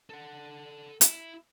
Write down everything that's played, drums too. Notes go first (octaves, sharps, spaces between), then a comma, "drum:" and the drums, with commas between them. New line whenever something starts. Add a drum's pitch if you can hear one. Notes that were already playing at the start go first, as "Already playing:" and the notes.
A4 F#5
E4, drum: hi-hat